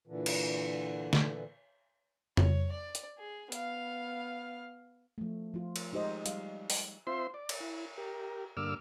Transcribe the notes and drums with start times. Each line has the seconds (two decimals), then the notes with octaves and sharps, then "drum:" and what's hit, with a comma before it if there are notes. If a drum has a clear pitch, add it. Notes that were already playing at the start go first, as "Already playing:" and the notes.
0.07 A#2 D3 E3
0.26 drum: cymbal
1.13 drum: snare
2.37 C#5, drum: tom F2
2.72 D5
2.95 drum: hi-hat
3.18 G#4
3.52 B3 F5, drum: hi-hat
5.18 F3 A3
5.54 F3 F4
5.76 drum: cymbal
5.93 G#3 D#4 G4 C5 D#5
6.26 G3 F5, drum: hi-hat
6.70 drum: open hi-hat
7.07 C4 F4 C5 E5 C6
7.34 D5
7.49 drum: cymbal
7.61 E4
7.98 G4 A#4
8.57 G2 D3 A#3 D6 E6 F6